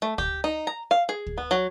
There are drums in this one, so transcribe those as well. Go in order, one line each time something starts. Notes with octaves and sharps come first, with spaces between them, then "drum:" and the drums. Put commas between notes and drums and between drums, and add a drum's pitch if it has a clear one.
A3
G4, drum: kick
D#4
A#5
F5
G#4
drum: kick
B3
F#3